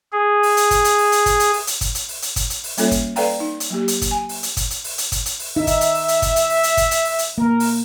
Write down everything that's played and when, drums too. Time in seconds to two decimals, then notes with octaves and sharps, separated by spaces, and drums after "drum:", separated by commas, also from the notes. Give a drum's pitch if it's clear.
0.12 G#4
0.43 drum: open hi-hat
0.57 drum: hi-hat
0.71 drum: kick G1, hi-hat
0.84 drum: hi-hat
0.98 drum: open hi-hat
1.12 drum: hi-hat
1.26 drum: kick G1, hi-hat
1.40 drum: hi-hat
1.53 drum: open hi-hat
1.67 drum: hi-hat
1.81 drum: kick G1, hi-hat
1.95 drum: hi-hat
2.09 drum: open hi-hat
2.22 drum: hi-hat
2.36 drum: kick G1, hi-hat
2.50 drum: hi-hat
2.64 drum: open hi-hat
2.77 G3 A#3 C#4 F4 A4 C#5, drum: hi-hat
2.91 drum: kick G1, hi-hat
3.16 A4 B4 D5 F5 G5 A#5, drum: open hi-hat
3.40 D#4
3.60 drum: hi-hat
3.70 F#3 A#3 G4
3.88 drum: hi-hat
4.02 drum: kick G1, hi-hat
4.11 G#5
4.29 drum: open hi-hat
4.43 drum: hi-hat
4.57 drum: kick G1, hi-hat
4.70 drum: hi-hat
4.84 drum: open hi-hat
4.98 drum: hi-hat
5.12 drum: kick G1, hi-hat
5.26 drum: hi-hat
5.39 drum: open hi-hat
5.56 D#4 E5
5.67 drum: kick G1, hi-hat
5.81 drum: hi-hat
5.95 drum: open hi-hat
6.08 drum: hi-hat
6.22 drum: kick G1, hi-hat
6.36 drum: hi-hat
6.50 drum: open hi-hat
6.63 drum: hi-hat
6.77 drum: kick G1, hi-hat
6.91 drum: hi-hat
7.05 drum: open hi-hat
7.19 drum: hi-hat
7.38 A#3 A#4
7.60 drum: open hi-hat